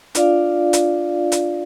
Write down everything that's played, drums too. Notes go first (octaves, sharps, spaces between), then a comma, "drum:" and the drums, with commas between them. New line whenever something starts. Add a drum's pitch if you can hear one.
D4 F4 D5 F5, drum: hi-hat
drum: hi-hat
drum: hi-hat